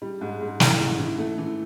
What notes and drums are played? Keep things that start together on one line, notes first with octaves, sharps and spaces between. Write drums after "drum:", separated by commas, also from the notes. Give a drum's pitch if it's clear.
G3
G#2
G#2
E3, drum: snare
G#2
E3
A3
E3